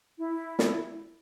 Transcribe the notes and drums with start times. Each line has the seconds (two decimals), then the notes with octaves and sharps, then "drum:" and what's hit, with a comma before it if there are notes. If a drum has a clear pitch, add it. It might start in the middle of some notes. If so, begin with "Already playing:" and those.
0.17 E4
0.59 drum: snare